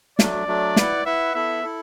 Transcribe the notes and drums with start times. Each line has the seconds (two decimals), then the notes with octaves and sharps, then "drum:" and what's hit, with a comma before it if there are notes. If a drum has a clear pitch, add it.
0.19 F#3 A3 D4 D5, drum: snare
0.47 F#3 A3 D4
0.76 E4 B4 F#5, drum: snare
1.06 E4 B4 E5 F#5
1.34 B3 E4 A4 E5
1.64 E4 A4